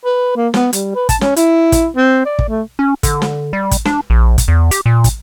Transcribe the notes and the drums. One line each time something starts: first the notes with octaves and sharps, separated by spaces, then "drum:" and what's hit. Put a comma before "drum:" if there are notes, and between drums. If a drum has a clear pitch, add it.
B4
A#3
B3, drum: snare
G3, drum: hi-hat
B4
A5, drum: kick, hi-hat
C#4, drum: snare
E4, drum: hi-hat
drum: kick, hi-hat
C4
D5
drum: kick
A3
C#4
D3, drum: kick, hi-hat
drum: snare
G3
drum: kick, hi-hat
D4, drum: snare
A#1
drum: kick, hi-hat
E2
G4, drum: hi-hat
A#2
drum: kick, hi-hat